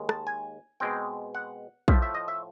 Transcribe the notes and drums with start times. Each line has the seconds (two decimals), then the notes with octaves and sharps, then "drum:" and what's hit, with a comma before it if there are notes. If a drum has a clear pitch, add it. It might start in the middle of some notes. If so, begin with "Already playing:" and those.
Already playing: D#2 D#3 G#3
0.09 A5, drum: rim click
0.27 G#5
0.80 B2 G#3 C4 G5
1.35 F#5
1.88 A2 F3 A3 E5, drum: kick A#1
2.02 E5
2.15 D#5
2.28 E5